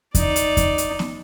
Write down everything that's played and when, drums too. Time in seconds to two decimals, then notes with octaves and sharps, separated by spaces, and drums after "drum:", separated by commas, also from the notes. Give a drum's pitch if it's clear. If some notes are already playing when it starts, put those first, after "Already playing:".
0.15 D#4 D5, drum: kick E2, hi-hat
0.36 drum: hi-hat
0.57 drum: kick E2, hi-hat
0.78 drum: hi-hat
0.99 drum: snare